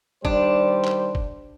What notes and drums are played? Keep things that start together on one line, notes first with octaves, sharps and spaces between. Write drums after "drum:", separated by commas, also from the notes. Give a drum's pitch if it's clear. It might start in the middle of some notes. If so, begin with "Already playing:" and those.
D#3 G3 D4 C5, drum: kick G1
drum: clap
drum: kick G1